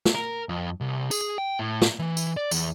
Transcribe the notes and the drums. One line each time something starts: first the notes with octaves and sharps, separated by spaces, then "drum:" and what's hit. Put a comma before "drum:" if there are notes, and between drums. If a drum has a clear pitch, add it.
drum: snare
A#4
F2
C2
G#4, drum: tambourine
G5
A2
drum: snare
E3
drum: tambourine
D5
E2, drum: tambourine